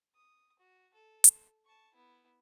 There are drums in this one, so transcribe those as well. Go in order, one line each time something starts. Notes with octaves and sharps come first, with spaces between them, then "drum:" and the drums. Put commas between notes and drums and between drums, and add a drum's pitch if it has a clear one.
D#6
F#4
A4
drum: hi-hat
A5 C#6
B3 E4